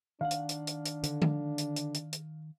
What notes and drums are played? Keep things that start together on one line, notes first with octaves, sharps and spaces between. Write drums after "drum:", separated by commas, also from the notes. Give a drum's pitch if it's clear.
D#3 D4 F5 F#5
drum: hi-hat
drum: hi-hat
drum: hi-hat
drum: hi-hat
D3, drum: hi-hat
drum: tom D3
drum: hi-hat
drum: hi-hat
drum: hi-hat
drum: hi-hat